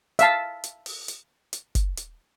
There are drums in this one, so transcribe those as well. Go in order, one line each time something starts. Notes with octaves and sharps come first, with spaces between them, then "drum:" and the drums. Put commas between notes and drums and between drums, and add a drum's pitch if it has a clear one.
E5 F5 A5, drum: hi-hat
drum: hi-hat
drum: open hi-hat
drum: hi-hat
drum: hi-hat
drum: kick, hi-hat
drum: hi-hat